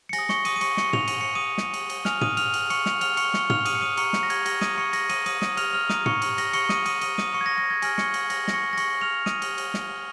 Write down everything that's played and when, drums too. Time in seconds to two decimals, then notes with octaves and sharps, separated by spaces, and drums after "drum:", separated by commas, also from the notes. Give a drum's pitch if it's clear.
0.09 C#7
0.13 G#5 A#6, drum: cymbal
0.19 D#6
0.29 C#6 C#7, drum: snare
0.45 D#6 D#7, drum: cymbal
0.56 D#7
0.61 C#6 C#7, drum: cymbal
0.77 C#6 C#7, drum: snare
0.93 F7, drum: tom
1.08 D#7, drum: cymbal
1.21 C#7
1.35 D#6 D#7
1.58 drum: snare
1.74 drum: cymbal
1.90 drum: cymbal
2.05 G#5 D#6 F6 F7, drum: snare
2.21 D#6 D#7, drum: tom
2.37 F6 F7, drum: cymbal
2.54 drum: cymbal
2.70 C#6 C#7, drum: cymbal
2.86 F6 F7, drum: snare
3.01 F6 F7, drum: cymbal
3.17 C#6 C#7, drum: cymbal
3.34 C#6 C#7, drum: snare
3.50 F6 F7, drum: tom
3.66 D#6 D#7, drum: cymbal
3.75 C#7
3.82 D#6 D#7
3.97 A#5 C#6 D#6 C#7, drum: cymbal
4.13 C#6 C#7, drum: snare
4.23 A#6
4.30 G#6, drum: cymbal
4.46 A#6, drum: cymbal
4.61 D#6 D#7, drum: snare
4.78 C#6 C#7
4.93 A#6, drum: cymbal
5.09 D#6 D#7, drum: cymbal
5.26 D#6 D#7, drum: cymbal
5.42 D#6 D#7, drum: snare
5.57 F6 F7, drum: cymbal
5.73 F6 F7
5.89 A#5 D#6 F6 D#7, drum: snare
6.06 C#6 C#7, drum: tom
6.22 drum: cymbal
6.38 A#6, drum: cymbal
6.53 C#6 C#7, drum: cymbal
6.69 D#6 D#7, drum: snare
6.86 D#6 D#7, drum: cymbal
7.01 D#6 D#7, drum: cymbal
7.18 D#6 D#7, drum: snare
7.34 C#6 C#7
7.41 G#6
7.46 A#6
7.58 A#6
7.70 G#6
7.82 G#5 F6 A#6, drum: cymbal
7.98 C#6 C#7, drum: snare
8.14 drum: cymbal
8.30 A#6, drum: cymbal
8.48 A#6, drum: snare
8.53 C#6 C#7
8.73 A#6
8.77 C#6 C#7, drum: cymbal
9.02 F6 F7
9.26 D#6 D#7, drum: snare
9.42 drum: cymbal
9.58 drum: cymbal
9.74 drum: snare